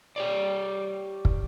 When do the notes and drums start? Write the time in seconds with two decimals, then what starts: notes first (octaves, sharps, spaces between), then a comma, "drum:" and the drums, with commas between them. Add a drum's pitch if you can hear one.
0.16 G4 C#5 D5
1.25 drum: kick